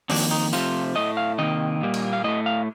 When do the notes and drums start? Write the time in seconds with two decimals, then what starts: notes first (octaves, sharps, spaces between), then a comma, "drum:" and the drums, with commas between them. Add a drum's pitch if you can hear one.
0.09 F2 D#3 A#3 D4, drum: open hi-hat
0.31 D#4
0.53 C3 F3 A3 F4, drum: tambourine
0.95 A2 A3 D#5
1.17 F5
1.38 C3 D#3 A#3 D#5
1.81 A#2 G3 A#3
1.94 drum: cymbal
2.13 F5
2.24 A2 A3 D#5
2.46 F5